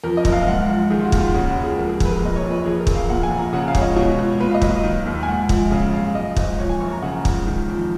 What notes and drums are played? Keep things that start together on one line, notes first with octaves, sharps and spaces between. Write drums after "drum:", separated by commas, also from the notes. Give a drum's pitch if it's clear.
F2 A#4
D#5
F#1, drum: kick
F5
F5
G#2 F#5
A#1
D#3 G#4
F4
F#4
D#2, drum: kick
F4
C#3 F#4
F#4
C#2
G#4
F2 A#4
G#4
F1, drum: kick
B4
A#4
A#2 D#5
C#5
A#1
B4
F2 G#4
A#4
F1, drum: kick
F5
A#2 F#5
G#5
A#1
A#5
C#3 F#5
F5
C#2 C#5, drum: kick
D#5
B2 C#5
C#2
A#2 B4
F5
D#5
B1, drum: kick
D#3
D#2
G#5
G#2 F#5
A#1, drum: kick
C#3 F5
F#2 F5
G#2 D#5
G#1, drum: kick
F2 C#5
G#5
F#1 C#6
A#5
C#3 F#5
C#2, drum: kick
D#3
F2